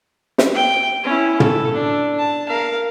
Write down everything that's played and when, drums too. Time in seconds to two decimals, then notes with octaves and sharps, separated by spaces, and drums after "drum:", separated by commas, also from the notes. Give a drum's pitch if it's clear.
0.38 drum: snare
0.55 G5
1.04 C#4 E4
1.40 A4, drum: tom
1.74 D4
2.19 A5
2.49 A#4 F5